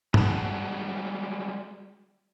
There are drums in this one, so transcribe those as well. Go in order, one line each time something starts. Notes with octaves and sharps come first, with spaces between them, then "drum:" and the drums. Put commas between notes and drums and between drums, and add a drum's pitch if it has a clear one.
G3 G#3 F#4 A5, drum: tom G2